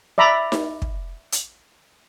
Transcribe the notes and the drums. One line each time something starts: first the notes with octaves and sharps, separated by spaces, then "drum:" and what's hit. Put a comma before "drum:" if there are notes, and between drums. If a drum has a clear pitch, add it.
D5 E5 A#5 B5
drum: snare D#4
drum: kick
drum: hi-hat